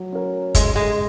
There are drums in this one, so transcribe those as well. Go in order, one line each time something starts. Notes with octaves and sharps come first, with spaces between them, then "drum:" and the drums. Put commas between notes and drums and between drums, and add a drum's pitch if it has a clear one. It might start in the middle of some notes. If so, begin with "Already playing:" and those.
Already playing: F#3
C#4 A#4
G#2 G#3, drum: kick, hi-hat
G#3